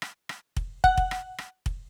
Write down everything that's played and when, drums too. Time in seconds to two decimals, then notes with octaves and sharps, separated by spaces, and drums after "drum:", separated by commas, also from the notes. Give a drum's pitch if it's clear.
0.02 drum: rim click
0.29 drum: rim click
0.56 drum: kick
0.84 F#5, drum: kick
0.97 drum: kick
1.11 drum: rim click
1.38 drum: rim click
1.66 drum: kick